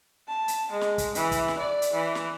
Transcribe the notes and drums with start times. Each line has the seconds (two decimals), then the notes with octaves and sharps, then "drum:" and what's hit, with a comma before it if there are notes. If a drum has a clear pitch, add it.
0.28 A5
0.48 drum: hi-hat
0.71 G#3
0.81 drum: snare
0.98 drum: kick, hi-hat
1.15 E3, drum: hi-hat
1.32 drum: kick, hi-hat
1.48 drum: snare
1.58 D5
1.82 drum: hi-hat
1.94 E3
2.15 drum: snare